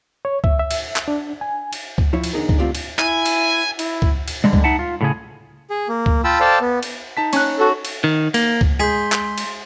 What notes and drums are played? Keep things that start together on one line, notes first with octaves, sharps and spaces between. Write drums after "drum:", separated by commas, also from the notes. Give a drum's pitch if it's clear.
C#5
E5, drum: kick C#2
E5
drum: cymbal
drum: clap
D4
G#5
drum: cymbal
drum: kick C#2
F3 E4 C#5
drum: cymbal
B1 E2 D3 D#4 G#4 A#4
drum: kick C#2
D3 A3 C4 F4 G4 D5
drum: cymbal
E4 G#5, drum: clap
drum: cymbal
E4, drum: cymbal
drum: kick C#2
drum: cymbal
D3 G3 G#3
drum: kick C#2
D#4 E5 F#5 A5
F4
A2 C#3 G#4
G#4
A#3
drum: kick C#2
F4 G5 A5 B5 E6
A4 C5 D5 F5 G5 A5
B3
drum: cymbal
D#4 A5 B6
C#4 F#6, drum: cymbal
F#4 A4
drum: cymbal
D#3
A#3, drum: cymbal
drum: kick C#2
G#3 G#4 C6 G6 B6
drum: clap
drum: cymbal